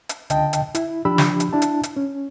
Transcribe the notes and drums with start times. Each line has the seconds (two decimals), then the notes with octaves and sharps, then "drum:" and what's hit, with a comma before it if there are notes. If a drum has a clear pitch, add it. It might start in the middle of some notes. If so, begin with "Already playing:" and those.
0.09 drum: hi-hat
0.30 C#2 D3 D#5 G5 A5, drum: hi-hat
0.53 drum: hi-hat
0.75 E4, drum: hi-hat
1.05 F3 D4 G4 B5 E6
1.18 drum: snare
1.40 drum: hi-hat
1.53 D4 E4 A5
1.62 drum: hi-hat
1.83 drum: hi-hat
1.97 C#4